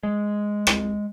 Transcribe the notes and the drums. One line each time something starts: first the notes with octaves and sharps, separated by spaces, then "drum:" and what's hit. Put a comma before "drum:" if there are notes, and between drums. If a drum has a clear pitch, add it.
G#3
drum: rim click